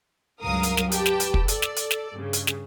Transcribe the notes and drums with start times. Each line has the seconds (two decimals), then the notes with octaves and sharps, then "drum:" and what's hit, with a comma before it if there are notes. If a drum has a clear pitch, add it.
0.43 C#2 G2 F#3 A#4 F5 D#6
0.63 drum: hi-hat
0.77 drum: snare
0.92 G4 B4 G5 A5, drum: hi-hat
1.06 drum: snare
1.20 drum: hi-hat
1.34 drum: kick
1.48 A4 D5, drum: hi-hat
1.62 drum: snare
1.76 drum: hi-hat
1.91 drum: snare
2.14 G2 C#3
2.33 drum: hi-hat
2.47 drum: snare